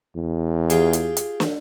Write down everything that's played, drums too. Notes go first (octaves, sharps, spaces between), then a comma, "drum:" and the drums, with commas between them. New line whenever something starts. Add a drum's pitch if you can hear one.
E2
F4 G4 G#4, drum: hi-hat
drum: hi-hat
drum: hi-hat
drum: snare